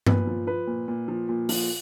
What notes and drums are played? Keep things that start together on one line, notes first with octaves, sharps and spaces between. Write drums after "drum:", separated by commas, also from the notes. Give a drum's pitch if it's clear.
A#2 B4, drum: tom G2
F3
F3 B4
A#2
A#2
F3
A#2
F3, drum: open hi-hat